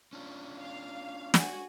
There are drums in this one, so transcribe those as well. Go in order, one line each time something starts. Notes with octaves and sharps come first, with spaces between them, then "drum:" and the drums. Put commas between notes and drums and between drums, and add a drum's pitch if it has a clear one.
C#4 D4 F4
F5
F#4 G#5, drum: snare